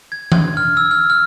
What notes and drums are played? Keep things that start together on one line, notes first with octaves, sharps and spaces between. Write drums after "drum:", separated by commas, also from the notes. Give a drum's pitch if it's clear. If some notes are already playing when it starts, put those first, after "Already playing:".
G#6
G#6, drum: tom E3
F6
E6
F6
F6